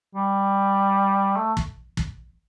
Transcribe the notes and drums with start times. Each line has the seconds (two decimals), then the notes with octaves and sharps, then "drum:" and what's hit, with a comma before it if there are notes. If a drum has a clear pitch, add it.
0.15 G3
1.36 A3
1.57 drum: kick
1.97 drum: kick